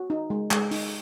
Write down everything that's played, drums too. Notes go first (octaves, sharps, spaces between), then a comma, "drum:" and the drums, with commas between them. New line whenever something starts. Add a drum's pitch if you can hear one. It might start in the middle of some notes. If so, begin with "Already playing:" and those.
Already playing: F#4
D#4
G#3
G#3, drum: clap
D#4, drum: open hi-hat